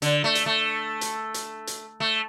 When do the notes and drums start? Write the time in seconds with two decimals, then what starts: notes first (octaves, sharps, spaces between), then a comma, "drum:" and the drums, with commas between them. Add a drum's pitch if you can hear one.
0.02 D3, drum: hi-hat
0.24 A3
0.35 drum: hi-hat
0.46 A3
1.01 drum: hi-hat
1.34 drum: hi-hat
1.67 drum: hi-hat
2.00 A3